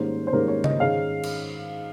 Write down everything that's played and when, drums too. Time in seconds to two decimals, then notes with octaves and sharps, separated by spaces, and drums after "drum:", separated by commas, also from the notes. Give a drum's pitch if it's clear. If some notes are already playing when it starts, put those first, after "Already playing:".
Already playing: G#2 D#3 G3 A#3 C#4 C5
0.27 C5
0.33 G#2 D#3 G3 A#3 C#4 A#4
0.48 C#5
0.64 D#5, drum: tom C#3
0.80 G#2 D#3 G#3 C#4 F5
1.23 drum: cymbal